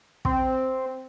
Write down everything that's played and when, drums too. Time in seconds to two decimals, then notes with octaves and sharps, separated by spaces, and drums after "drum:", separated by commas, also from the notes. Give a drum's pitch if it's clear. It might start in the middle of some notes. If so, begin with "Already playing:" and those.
0.25 C4, drum: kick